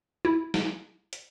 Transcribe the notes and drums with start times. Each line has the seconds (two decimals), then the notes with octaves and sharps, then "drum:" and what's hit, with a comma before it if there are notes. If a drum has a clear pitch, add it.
0.25 E4
0.54 drum: snare
1.13 drum: hi-hat